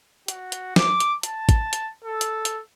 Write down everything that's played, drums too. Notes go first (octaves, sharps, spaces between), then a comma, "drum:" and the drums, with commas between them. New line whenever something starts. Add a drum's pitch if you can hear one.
F#4, drum: hi-hat
drum: hi-hat
D6, drum: snare
drum: hi-hat
A5, drum: hi-hat
drum: kick, hi-hat
drum: hi-hat
A4
drum: hi-hat
drum: hi-hat